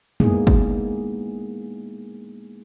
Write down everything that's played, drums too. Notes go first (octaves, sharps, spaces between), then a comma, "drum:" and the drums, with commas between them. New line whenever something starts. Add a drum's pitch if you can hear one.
G#3 A#3 B3 D#4 E4 G#4, drum: tom
drum: kick